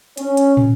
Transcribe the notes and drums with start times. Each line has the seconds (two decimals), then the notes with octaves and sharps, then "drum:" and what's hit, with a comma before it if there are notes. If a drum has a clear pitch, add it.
0.17 C#4, drum: hi-hat
0.37 drum: hi-hat
0.57 drum: tom